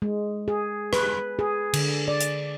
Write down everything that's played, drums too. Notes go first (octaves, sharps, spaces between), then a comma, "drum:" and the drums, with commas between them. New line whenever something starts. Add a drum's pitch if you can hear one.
G#3
G#4
B4, drum: rim click
G#4
D3, drum: cymbal
D5
drum: hi-hat